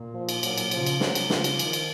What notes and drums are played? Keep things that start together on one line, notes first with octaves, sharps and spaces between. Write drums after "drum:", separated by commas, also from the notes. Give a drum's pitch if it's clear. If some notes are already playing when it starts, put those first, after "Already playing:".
Already playing: A#2
F3
drum: cymbal
A#2 F#3, drum: cymbal
drum: cymbal
C#3 F3, drum: cymbal
drum: cymbal
C3 F#3, drum: snare
drum: cymbal
C#3 F3, drum: snare
drum: cymbal
D#3, drum: cymbal
drum: cymbal